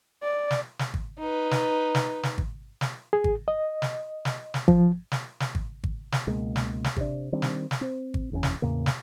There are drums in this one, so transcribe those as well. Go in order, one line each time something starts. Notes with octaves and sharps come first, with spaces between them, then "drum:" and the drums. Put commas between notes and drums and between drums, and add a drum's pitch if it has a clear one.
D5
drum: snare
drum: snare
drum: kick G#1
D#4 B4
drum: snare
drum: snare
drum: snare
drum: kick G#1
drum: snare
G#4
drum: kick G#1
D#5
drum: snare
drum: snare
drum: snare
F3, drum: kick G#1
drum: snare
drum: snare
drum: kick G#1
drum: kick G#1
drum: snare
C#2 B2 G#3 A#3
drum: snare
drum: snare
C3 D4, drum: kick G#1
D#3 G3 C4 D4
drum: snare
drum: snare
C4
drum: kick G#1
F#1 E2 A#2 C#4
drum: snare
E2 A2 C#3 A#3
drum: snare